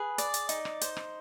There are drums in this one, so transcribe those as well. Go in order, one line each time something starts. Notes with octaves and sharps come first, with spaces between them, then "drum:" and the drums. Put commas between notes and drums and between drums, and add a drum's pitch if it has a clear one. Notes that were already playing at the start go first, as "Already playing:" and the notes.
Already playing: G#4 B4
D5, drum: hi-hat
drum: hi-hat
D#4, drum: hi-hat
drum: rim click
C5, drum: hi-hat
drum: rim click